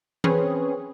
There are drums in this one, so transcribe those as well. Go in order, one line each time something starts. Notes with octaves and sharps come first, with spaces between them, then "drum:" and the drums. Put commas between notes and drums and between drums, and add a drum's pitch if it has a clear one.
C4 C#4 G#4 B4 C#5, drum: tom E3